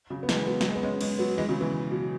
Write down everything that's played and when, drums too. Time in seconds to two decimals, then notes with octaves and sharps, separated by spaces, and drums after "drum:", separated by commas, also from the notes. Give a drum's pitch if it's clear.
0.10 C#3 F#3
0.23 B3
0.29 E3 G#3, drum: snare
0.47 F#3 B3
0.61 F#3, drum: snare
0.69 G#3
0.75 B3
0.83 G#3 C#4
1.01 G#3 C#4, drum: cymbal
1.19 F#3 B3
1.38 E3 G#3
1.49 C#3 F#3
1.61 B2 E3
1.91 B2